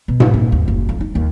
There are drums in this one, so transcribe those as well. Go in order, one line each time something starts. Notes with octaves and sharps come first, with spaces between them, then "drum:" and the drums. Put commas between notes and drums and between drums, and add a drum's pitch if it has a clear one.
B2
A1, drum: tom G#2
A#2
D#2
F#1
F2
D#4
D#2